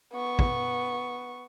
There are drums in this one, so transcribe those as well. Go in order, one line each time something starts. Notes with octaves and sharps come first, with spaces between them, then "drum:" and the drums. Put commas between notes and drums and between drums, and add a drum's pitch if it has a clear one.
B3 C#6
drum: kick